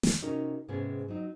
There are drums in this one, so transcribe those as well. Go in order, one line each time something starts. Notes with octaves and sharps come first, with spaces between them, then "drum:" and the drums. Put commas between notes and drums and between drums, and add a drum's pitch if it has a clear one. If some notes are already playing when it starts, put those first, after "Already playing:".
drum: snare
C3 C#4 D#4 F#4 A#4
G#2 C3 G#3 B3 C#4 G#4
F#3 C4 D#4